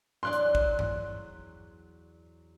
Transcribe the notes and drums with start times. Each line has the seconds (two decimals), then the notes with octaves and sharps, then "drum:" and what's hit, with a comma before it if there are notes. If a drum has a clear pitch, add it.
0.23 E2 F#3 D5 C6 F#6
0.33 drum: hi-hat
0.55 drum: kick
0.79 drum: tom G2